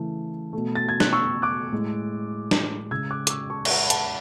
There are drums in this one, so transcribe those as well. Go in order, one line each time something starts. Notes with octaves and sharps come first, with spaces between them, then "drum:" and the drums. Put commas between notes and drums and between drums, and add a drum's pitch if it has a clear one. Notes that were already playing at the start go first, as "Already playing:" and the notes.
Already playing: C#3 E3 A3
B2 A3
A6
G#6
F#6, drum: snare
C#6 E6
D6 F#6
A2 G#3
drum: snare
C#3 G#3 E6 G#6
D6 F#6
D6, drum: hi-hat
C#6 E6
A5 C#6
E5, drum: cymbal
F#5
B5
F#5 A5, drum: hi-hat